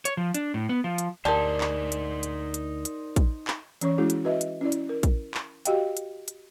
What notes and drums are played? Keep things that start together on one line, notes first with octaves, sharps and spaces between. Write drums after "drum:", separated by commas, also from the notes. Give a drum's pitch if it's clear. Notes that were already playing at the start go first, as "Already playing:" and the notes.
C#5, drum: hi-hat
F3
D4, drum: hi-hat
A2
B3
F3
drum: hi-hat
D2 D#4 G4 A#4 C5 D5 A5
drum: clap
drum: hi-hat
drum: hi-hat
drum: hi-hat
drum: hi-hat
drum: kick, hi-hat
drum: clap
E3 C#4 C#5 C#6, drum: hi-hat
G#3 C#4 E4 F#4 G#4
drum: hi-hat
F#4 B4 D#5 E5
drum: hi-hat
C#4 E4 D5
drum: hi-hat
A#4
drum: kick, hi-hat
drum: clap
F#4 G4 D#5 F5 G5, drum: hi-hat
drum: hi-hat
drum: hi-hat